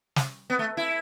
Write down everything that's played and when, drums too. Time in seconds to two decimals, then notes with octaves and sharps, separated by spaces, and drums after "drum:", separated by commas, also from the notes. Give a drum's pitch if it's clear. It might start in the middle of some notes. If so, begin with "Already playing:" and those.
0.16 drum: snare
0.50 B3
0.59 A3
0.77 E4